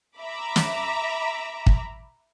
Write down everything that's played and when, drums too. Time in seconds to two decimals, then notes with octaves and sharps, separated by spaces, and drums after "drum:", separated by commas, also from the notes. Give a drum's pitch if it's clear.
0.19 E5 A#5 B5 D6
0.56 drum: snare
1.66 drum: kick